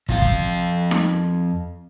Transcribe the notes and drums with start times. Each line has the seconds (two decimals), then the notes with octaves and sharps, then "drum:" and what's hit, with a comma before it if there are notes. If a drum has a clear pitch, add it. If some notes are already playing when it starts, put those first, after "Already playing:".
0.09 F2 F4 F5, drum: kick
0.22 drum: kick
0.91 drum: snare D#4